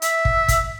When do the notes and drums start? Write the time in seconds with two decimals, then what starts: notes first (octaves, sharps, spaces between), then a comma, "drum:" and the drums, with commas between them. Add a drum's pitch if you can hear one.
0.02 E5, drum: hi-hat
0.25 drum: kick
0.48 drum: kick, hi-hat